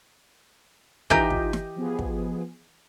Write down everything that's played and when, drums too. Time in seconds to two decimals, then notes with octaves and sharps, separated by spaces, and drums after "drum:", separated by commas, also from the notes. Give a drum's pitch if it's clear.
1.10 E3 D#4 F4 G4 A#4 D#5 G6, drum: kick
1.30 drum: kick
1.53 drum: snare
1.76 F3 B3 G#4
1.99 drum: kick